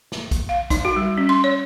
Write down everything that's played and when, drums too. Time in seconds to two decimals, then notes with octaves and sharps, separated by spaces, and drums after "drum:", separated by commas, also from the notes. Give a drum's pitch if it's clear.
0.12 drum: snare
0.31 drum: kick, hi-hat
0.49 F5
0.70 D#4, drum: kick, hi-hat
0.85 F#4
0.96 G3
1.18 C#4
1.29 C6
1.44 C#5